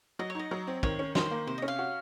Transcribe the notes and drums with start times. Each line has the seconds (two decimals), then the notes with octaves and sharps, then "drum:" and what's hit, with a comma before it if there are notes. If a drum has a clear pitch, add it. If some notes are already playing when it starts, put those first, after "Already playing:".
0.19 F#3 D#5
0.30 C#5
0.35 D#4 D#5
0.51 F#3
0.67 C4
0.83 D#3 C#5, drum: kick
0.99 C#4
1.15 D#3 C5, drum: snare
1.31 A#3
1.47 C3 C5
1.58 D#5
1.62 C#4
1.68 F5
1.79 F#4